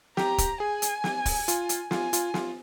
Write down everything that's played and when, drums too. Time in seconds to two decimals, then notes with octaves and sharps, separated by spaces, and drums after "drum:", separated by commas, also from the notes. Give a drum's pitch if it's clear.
0.17 G4 A#5, drum: snare
0.38 drum: kick, hi-hat
0.60 G#4 G#5
0.82 drum: hi-hat
1.04 drum: snare
1.26 drum: kick, open hi-hat
1.48 F4, drum: hi-hat
1.69 drum: hi-hat
1.91 F4 G#5, drum: snare
2.13 F4, drum: hi-hat
2.34 F4, drum: snare